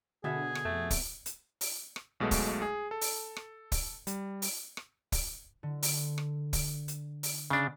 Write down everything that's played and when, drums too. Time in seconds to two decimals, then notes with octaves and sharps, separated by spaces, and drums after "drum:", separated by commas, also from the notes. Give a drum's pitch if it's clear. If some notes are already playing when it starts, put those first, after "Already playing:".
0.24 B2 D3 B3 G#4 E5
0.55 drum: rim click
0.65 F2 A3
0.90 drum: kick, open hi-hat
1.26 drum: hi-hat
1.61 drum: open hi-hat
1.96 drum: rim click
2.20 B1 B2 G#3 A3
2.31 drum: kick, open hi-hat
2.62 G#4
2.91 A4
3.01 drum: open hi-hat
3.36 drum: rim click
3.72 drum: kick, open hi-hat
4.07 G3, drum: hi-hat
4.42 drum: open hi-hat
4.77 drum: rim click
5.12 drum: kick, open hi-hat
5.63 D3
5.82 drum: open hi-hat
6.18 drum: rim click
6.53 drum: kick, open hi-hat
6.88 drum: hi-hat
7.23 drum: open hi-hat
7.50 C#3 D4